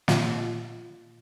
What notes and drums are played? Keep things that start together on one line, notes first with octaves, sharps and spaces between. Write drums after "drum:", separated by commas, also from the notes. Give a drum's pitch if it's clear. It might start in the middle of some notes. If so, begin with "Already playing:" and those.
A#2 F4, drum: snare